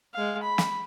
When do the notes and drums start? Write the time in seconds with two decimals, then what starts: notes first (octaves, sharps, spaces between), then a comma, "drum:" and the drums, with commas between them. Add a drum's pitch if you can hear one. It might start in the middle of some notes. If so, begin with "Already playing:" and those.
0.14 G#3 F5
0.43 B5
0.58 drum: snare